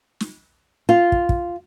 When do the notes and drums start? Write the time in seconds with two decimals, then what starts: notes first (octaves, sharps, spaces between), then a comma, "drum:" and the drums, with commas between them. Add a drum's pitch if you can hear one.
0.20 drum: snare
0.89 F4
1.12 drum: kick
1.29 drum: kick